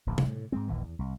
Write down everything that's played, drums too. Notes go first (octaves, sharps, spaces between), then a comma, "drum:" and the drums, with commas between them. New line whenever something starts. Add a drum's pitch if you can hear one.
D1 A#1 E2
drum: tom C3
A2
G#2 G#3 C4
D#1 A#1 D#2 E3
E2
C2